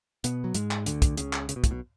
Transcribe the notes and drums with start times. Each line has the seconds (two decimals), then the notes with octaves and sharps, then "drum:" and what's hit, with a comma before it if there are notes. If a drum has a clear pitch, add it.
0.24 B2 B3, drum: hi-hat
0.44 F#3
0.55 G#2 G#3, drum: hi-hat
0.71 drum: clap
0.86 D2 D3, drum: hi-hat
1.02 drum: kick, hi-hat
1.17 C#2 C#3, drum: hi-hat
1.33 drum: clap
1.49 C#3, drum: hi-hat
1.56 B2
1.64 A2, drum: kick, hi-hat
1.71 B1 B2